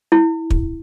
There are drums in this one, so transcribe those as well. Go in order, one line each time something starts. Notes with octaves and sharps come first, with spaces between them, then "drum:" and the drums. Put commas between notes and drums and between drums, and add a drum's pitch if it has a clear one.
E4
drum: kick